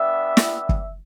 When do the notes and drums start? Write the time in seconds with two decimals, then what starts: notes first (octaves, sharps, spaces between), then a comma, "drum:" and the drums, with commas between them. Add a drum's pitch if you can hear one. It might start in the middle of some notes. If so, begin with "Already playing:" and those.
Already playing: G3 B3 D4 E5
0.37 drum: snare
0.69 drum: kick